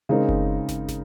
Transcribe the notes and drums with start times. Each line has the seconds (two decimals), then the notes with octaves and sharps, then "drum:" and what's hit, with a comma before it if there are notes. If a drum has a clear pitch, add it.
0.09 C#3 G#3 C4 D#4 A#4
0.29 drum: kick F#1
0.69 drum: snare
0.89 drum: snare